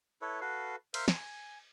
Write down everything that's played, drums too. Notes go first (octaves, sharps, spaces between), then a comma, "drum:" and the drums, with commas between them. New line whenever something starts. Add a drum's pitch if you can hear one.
E4 A4 B4 C#5
F#4 A4 B4 F5
A#4 C5 E5 F5, drum: cymbal
G#5, drum: snare